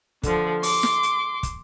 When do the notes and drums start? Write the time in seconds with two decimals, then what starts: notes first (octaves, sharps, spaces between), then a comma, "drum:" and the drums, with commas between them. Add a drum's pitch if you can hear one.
0.23 D3 F3, drum: kick, hi-hat
0.63 C6 D6, drum: open hi-hat
0.83 drum: snare
1.03 drum: hi-hat
1.43 drum: kick, hi-hat